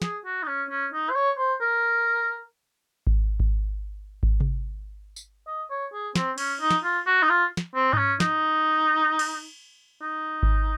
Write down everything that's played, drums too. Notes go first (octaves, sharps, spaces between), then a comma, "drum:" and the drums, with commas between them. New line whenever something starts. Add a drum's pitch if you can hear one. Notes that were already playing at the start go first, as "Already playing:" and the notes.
G#4, drum: snare
F#4
D#4
C#4
C#4
D#4
C5
C#5
C5
A#4
drum: kick G#1
drum: kick G#1
drum: kick G#1
drum: tom C3
drum: tambourine
D#5
C#5
G#4
C4, drum: snare
C#4, drum: cymbal
D#4
drum: snare
F4
F#4
D#4
F4
drum: snare
C4
D#4, drum: tom G#2
C#4
D#4, drum: snare
drum: cymbal
D#4
drum: kick G#1